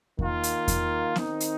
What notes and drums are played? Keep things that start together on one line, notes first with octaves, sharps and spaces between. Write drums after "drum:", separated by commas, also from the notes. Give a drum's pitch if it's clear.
D#3 A#3 F4, drum: kick E2
drum: hi-hat
drum: kick E2, hi-hat
D#3 C4 D#4, drum: snare B3
drum: hi-hat